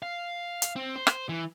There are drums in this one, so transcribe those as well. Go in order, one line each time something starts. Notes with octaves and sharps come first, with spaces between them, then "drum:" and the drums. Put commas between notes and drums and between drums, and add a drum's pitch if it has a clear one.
F5
drum: hi-hat
C4
C5
drum: rim click
E3